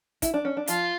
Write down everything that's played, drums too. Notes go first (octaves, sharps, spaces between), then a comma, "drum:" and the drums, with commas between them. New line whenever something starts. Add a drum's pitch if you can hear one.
E4, drum: kick, hi-hat
D4
C#4
D4
F3 F4, drum: hi-hat